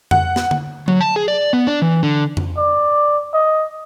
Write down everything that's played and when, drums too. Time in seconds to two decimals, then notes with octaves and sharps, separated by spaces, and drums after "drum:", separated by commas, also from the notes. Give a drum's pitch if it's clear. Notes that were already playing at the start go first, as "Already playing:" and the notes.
0.11 F#5, drum: tom F2
0.36 drum: snare
0.51 drum: tom D3
0.88 F#3, drum: tom D3
1.01 A5
1.16 G#4
1.28 D5
1.53 B3
1.67 D4
1.82 E3
2.03 D3
2.37 drum: tom F2
2.57 D5
3.34 D#5